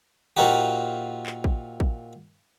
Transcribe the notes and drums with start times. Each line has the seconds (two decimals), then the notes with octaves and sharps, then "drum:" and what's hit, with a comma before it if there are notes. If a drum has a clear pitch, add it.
0.37 A#2 A#3 C4 D#4 F#4 G4
1.26 drum: clap
1.44 drum: kick
1.80 drum: kick